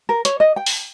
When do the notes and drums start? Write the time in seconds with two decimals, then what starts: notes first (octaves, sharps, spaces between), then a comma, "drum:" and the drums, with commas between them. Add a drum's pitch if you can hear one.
0.09 A#4
0.25 C#5, drum: hi-hat
0.40 D#5
0.56 G5
0.66 drum: open hi-hat